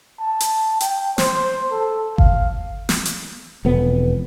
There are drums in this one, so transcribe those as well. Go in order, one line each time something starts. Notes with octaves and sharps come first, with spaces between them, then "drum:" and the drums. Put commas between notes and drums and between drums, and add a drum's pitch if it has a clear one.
A5
drum: hi-hat
G5, drum: hi-hat
C5, drum: snare
A4
F5, drum: kick G1
drum: snare
drum: hi-hat
E1 F2 B3